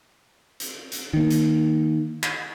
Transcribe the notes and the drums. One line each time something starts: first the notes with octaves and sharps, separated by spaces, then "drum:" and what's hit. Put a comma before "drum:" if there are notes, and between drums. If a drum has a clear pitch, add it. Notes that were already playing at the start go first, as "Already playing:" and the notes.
drum: hi-hat
drum: hi-hat
D#3 A#3
drum: hi-hat
drum: clap